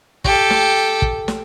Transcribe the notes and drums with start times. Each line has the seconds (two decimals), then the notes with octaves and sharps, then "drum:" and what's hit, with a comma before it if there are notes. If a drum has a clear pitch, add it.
0.24 G4 A4, drum: kick
0.50 drum: snare
1.02 drum: kick
1.28 drum: snare